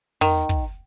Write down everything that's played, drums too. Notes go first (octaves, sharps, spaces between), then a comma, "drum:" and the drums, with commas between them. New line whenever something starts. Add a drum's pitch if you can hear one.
D#3, drum: tom
drum: kick